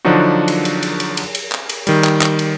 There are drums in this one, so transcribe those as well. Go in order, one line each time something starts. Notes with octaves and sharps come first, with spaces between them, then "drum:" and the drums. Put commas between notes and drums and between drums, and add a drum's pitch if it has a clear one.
D3 F3 F#3 D4 D#4 F#4
drum: cymbal
drum: cymbal
drum: cymbal
drum: cymbal
drum: cymbal
drum: cymbal
drum: clap
drum: cymbal
D#3 G3, drum: cymbal
drum: clap
drum: clap
drum: cymbal